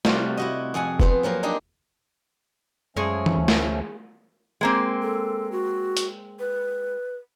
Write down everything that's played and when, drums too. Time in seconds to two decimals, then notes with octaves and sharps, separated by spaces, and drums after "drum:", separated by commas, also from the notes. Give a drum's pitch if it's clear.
0.05 C3 G3 A3 F4 F#4, drum: snare
0.37 E4 F#4 D#5
0.74 F2 G#4 F#5 G#5
1.00 B3 C4 C5, drum: kick F1
1.23 F3 F#3 A#3 C4
1.43 D4 D#4 G4 G#4
2.96 F#2 F3 G#3 A3 C#4 G#4 C#5
3.26 drum: tom E3
3.38 D2
3.48 drum: snare
4.61 G#3 A#3 C4
5.02 A4
5.52 F#4
5.97 drum: hi-hat
6.40 B4